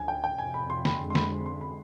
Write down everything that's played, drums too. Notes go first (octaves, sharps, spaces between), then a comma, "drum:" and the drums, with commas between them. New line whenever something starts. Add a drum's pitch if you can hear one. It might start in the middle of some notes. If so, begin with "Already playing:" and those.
Already playing: D2 D3 F3 G#5
G5
G5
F2 C3 F3 G#5
B5
C6
B5, drum: snare
F2 D3 G#3 C4
C6
B5, drum: snare
C6
B5